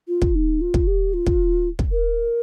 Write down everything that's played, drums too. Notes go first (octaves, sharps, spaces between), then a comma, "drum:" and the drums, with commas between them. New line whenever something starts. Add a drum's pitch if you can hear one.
F4
drum: kick
D#4
F4
drum: kick
G4
F4
drum: kick
drum: kick
A#4